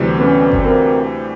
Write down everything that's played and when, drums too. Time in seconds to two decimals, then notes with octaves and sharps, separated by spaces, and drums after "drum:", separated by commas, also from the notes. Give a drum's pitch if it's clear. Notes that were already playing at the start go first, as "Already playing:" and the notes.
Already playing: D2 C3 E3 G3
0.19 B3 C#4
0.52 drum: kick G1
0.64 A#3 C4